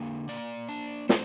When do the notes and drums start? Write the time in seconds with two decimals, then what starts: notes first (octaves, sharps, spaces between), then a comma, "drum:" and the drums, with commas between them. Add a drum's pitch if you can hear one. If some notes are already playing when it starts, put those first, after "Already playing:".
Already playing: D3 A#3
0.29 A#3 D5
0.69 D4
1.09 D4 C5, drum: snare